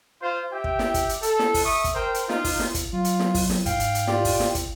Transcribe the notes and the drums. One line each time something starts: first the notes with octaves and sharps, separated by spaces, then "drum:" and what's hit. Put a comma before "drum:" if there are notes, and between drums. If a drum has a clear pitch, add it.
F4 C5
G4 E5 G5
drum: kick
drum: snare
drum: kick, hi-hat
drum: hi-hat
A4, drum: hi-hat
drum: snare
drum: kick, open hi-hat
E5 C#6 D#6
drum: kick, hi-hat
A#4 C5 G5
drum: hi-hat
D#4 F4, drum: snare
drum: kick, open hi-hat
drum: snare
drum: kick, hi-hat
F#3 F4
drum: hi-hat
drum: snare
drum: kick, open hi-hat
drum: snare
G#2 F5 G5, drum: kick, hi-hat
drum: hi-hat
drum: hi-hat
F4 G4 D5, drum: snare
drum: kick, open hi-hat
drum: snare
drum: kick, hi-hat